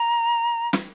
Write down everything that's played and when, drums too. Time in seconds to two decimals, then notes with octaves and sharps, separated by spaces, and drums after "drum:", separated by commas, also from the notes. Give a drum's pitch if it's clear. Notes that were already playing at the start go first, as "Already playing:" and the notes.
Already playing: A#5
0.73 drum: snare